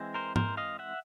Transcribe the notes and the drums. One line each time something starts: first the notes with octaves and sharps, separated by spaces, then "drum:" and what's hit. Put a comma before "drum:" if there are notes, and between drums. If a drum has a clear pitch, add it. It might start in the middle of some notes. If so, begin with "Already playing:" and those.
Already playing: E3 G#3 C4
A#4 C5
A#4 C5, drum: tom
D#5 F5
E5 F#5